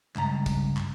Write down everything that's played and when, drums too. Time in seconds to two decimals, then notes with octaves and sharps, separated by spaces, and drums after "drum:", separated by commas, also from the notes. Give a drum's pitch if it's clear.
0.16 C#2 G2 A#5, drum: clap
0.46 drum: kick, tambourine
0.77 drum: clap